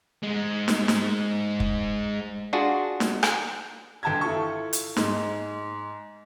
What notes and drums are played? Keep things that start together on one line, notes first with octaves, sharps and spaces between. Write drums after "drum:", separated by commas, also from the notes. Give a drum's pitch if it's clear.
G#2 G#3
drum: snare
drum: snare
drum: kick
D4 F4 F#4 G#4
drum: snare
drum: rim click
G1 G5 A5 A#5 G#6
E4 F4 A4 C#6
drum: hi-hat
G#2, drum: snare